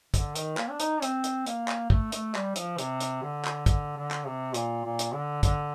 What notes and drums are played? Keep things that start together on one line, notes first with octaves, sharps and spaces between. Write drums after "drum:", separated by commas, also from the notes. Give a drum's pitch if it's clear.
D3, drum: kick, hi-hat
D#3, drum: hi-hat
A#3, drum: clap
D4
D#4, drum: hi-hat
C4, drum: hi-hat
drum: hi-hat
A#3, drum: hi-hat
drum: clap
A3, drum: kick
A3, drum: hi-hat
G3, drum: clap
F3, drum: hi-hat
C3, drum: hi-hat
drum: hi-hat
D3
drum: clap
D3, drum: kick, hi-hat
D3
drum: clap
C3
A#2, drum: hi-hat
A#2
drum: hi-hat
D3
D3, drum: kick, hi-hat